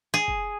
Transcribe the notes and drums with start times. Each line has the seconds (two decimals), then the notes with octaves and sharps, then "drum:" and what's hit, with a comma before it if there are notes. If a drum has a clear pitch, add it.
0.14 G#4
0.28 drum: kick